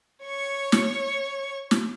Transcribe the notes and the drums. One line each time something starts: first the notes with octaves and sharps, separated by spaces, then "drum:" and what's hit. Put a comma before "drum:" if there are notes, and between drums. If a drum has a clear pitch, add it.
C#5 C#6
drum: snare
drum: snare